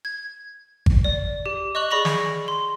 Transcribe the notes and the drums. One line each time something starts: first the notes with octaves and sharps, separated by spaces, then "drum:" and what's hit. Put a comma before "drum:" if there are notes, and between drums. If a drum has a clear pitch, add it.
G#6
drum: kick G#1
D5
G4
D#5 C#6 F#6 F7 F#7
G#4 D5 B5 C#6 A#6 F7
drum: snare
C6